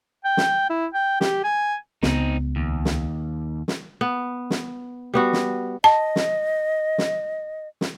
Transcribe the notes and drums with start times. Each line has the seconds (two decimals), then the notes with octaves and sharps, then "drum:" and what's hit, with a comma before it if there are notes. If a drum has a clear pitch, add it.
0.25 G5
0.37 drum: snare
0.70 E4
0.94 G5
1.21 G4, drum: snare
1.44 G#5
2.03 C#2 B3 C4 D#4, drum: snare
2.56 D#2
2.85 drum: snare
3.68 drum: snare
4.01 B3
4.50 drum: snare
5.14 G3 B3 F#4
5.33 drum: snare
5.84 D#5 A5
6.16 drum: snare
6.98 drum: snare
7.81 drum: snare